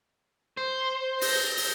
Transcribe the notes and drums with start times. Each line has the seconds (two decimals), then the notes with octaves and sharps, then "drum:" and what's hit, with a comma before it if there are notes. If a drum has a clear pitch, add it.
0.57 C5
1.21 G6 A#6, drum: open hi-hat
1.57 drum: open hi-hat